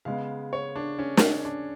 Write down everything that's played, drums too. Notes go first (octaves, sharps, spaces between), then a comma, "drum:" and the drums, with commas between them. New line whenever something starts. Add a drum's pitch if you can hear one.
C#3 G#3 B3 F5
C#5
D4
C#4
drum: snare
D4